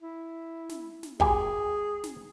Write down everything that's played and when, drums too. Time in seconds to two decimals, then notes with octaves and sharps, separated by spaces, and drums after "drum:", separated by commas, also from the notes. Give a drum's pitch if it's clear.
0.01 E4
0.69 drum: snare
1.03 drum: snare
1.20 G#1 G4 G#4 G#5, drum: kick
2.04 drum: snare